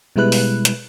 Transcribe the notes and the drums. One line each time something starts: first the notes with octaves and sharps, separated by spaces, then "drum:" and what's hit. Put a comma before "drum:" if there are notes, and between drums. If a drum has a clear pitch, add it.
B2 G3 G#3 E4 B4 F#6
drum: open hi-hat
drum: hi-hat